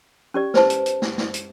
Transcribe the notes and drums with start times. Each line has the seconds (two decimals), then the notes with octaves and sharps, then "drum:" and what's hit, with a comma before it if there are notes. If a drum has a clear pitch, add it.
0.34 C#4 G4 D5
0.54 B4 C5 A5, drum: snare
0.70 drum: hi-hat
0.86 drum: hi-hat
1.02 drum: snare
1.18 drum: snare
1.34 drum: hi-hat